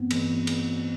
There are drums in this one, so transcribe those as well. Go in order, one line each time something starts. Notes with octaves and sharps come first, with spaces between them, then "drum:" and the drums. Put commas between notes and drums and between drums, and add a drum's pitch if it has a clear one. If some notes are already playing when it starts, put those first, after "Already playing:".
Already playing: G2 E3 A3 B3 C4
G2 E3 A3, drum: cymbal
drum: cymbal